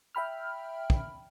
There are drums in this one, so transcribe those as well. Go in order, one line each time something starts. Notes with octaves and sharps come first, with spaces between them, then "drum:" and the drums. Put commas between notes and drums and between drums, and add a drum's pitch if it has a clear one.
E5 G5 B5 F6
drum: kick